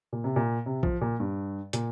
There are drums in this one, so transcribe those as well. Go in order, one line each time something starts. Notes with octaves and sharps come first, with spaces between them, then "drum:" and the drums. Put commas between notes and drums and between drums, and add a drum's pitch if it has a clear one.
A#2
C3
A#2
C3
F3, drum: kick A#1
A#2
G2
A#2, drum: hi-hat